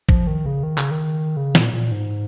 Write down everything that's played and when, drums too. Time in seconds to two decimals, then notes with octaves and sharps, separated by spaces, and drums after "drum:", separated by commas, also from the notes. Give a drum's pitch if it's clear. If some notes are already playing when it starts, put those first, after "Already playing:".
0.09 F3, drum: kick
0.27 D#3
0.46 C#3
0.63 D#3
0.78 C#3, drum: clap
0.91 D#3
1.37 C#3
1.55 A#2, drum: snare
1.74 A#2
1.92 G#2